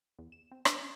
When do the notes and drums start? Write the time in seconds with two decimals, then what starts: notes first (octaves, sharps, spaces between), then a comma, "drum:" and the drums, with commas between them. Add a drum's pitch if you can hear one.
0.19 E2
0.32 E7
0.51 C4
0.65 D4, drum: rim click
0.79 C#4